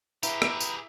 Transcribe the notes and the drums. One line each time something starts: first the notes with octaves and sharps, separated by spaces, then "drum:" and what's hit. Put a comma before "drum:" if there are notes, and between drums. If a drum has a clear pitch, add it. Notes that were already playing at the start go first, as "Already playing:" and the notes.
E4 G4 G#4 B4 A#5, drum: tambourine
drum: rim click
drum: tambourine